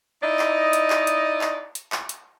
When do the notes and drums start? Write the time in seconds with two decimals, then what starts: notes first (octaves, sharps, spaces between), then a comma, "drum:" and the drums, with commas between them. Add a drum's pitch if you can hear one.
0.22 D#4 E4 D5 D#5
0.39 drum: clap
0.73 drum: hi-hat
0.90 drum: clap
1.07 drum: hi-hat
1.41 drum: clap
1.75 drum: hi-hat
1.92 drum: clap
2.09 drum: hi-hat